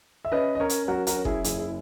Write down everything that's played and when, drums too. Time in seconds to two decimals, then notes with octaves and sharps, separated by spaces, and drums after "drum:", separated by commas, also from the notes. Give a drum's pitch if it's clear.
0.25 E5
0.32 C#4 B4 D#5
0.55 D#5
0.60 C#4 A#4 C#5
0.69 drum: hi-hat
0.88 F#3 F#4 A#4
1.07 F#4 A#4, drum: hi-hat
1.16 C#4
1.25 E4 G#4, drum: kick
1.44 F#1 E4 G#4, drum: hi-hat
1.58 E4 G#4